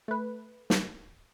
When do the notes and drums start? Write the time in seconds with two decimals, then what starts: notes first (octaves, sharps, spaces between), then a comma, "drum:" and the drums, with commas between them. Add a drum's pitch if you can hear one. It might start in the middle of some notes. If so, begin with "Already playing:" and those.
0.08 A3 B4
0.70 drum: snare